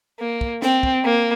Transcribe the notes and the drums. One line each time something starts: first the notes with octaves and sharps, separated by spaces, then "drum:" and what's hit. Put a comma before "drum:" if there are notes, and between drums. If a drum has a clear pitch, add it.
A#3
drum: kick
C4, drum: snare
drum: kick
A#3